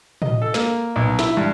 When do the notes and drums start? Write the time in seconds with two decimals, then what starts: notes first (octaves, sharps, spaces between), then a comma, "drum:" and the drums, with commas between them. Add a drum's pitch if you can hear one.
0.22 D#5, drum: tom
0.42 A4
0.54 A#3, drum: snare
0.96 B1
1.19 E4, drum: snare
1.37 G2